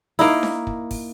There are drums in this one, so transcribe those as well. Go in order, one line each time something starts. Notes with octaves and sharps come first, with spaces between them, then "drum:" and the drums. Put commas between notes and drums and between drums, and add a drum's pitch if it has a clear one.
A#3 D#4 E4, drum: open hi-hat
drum: snare D4
drum: kick
drum: kick, open hi-hat